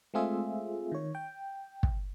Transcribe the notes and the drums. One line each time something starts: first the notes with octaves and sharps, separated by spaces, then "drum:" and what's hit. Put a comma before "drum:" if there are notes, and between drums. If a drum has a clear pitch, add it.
G#3 A3 C4 F4 G#4 E5
D#3 C#5
G5
drum: kick